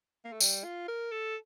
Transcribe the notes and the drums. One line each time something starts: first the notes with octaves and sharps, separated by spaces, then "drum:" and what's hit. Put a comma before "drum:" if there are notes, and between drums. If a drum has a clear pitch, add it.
A#3
A3
G3, drum: tambourine
F4
A#4
A4